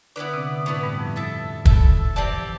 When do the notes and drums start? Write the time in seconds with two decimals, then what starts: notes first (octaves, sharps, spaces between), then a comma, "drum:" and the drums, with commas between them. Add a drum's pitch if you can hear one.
0.16 D3 B3 D4 E4 B4 D5
0.34 C3 C4
0.66 A2 A3 B3 E4 B4 D5
0.83 G2 G3
0.99 F2 F3
1.16 E4 A4 E5 A5
1.65 C3 E4 A4 E5 A5, drum: kick
2.16 E2 E3 C4 G4 D5 A5
2.32 F2 F3